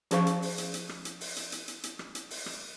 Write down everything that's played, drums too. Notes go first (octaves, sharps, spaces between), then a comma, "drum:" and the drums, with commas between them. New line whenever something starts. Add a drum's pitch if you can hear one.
F3 C#4 G#4 C5 F5 C#6, drum: hi-hat
drum: hi-hat
drum: open hi-hat
drum: hi-hat
drum: hi-hat
drum: rim click
drum: hi-hat
drum: open hi-hat
drum: hi-hat
drum: hi-hat
drum: hi-hat
drum: hi-hat
drum: rim click
drum: hi-hat
drum: open hi-hat
drum: rim click